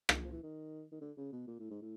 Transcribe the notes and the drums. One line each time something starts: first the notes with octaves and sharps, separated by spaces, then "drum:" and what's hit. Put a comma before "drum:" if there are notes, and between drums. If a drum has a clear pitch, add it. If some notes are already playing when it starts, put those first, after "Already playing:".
D#3, drum: rim click
F3
E3
D#3
D#3
D3
C#3
B2
A#2
A2
G#2
A2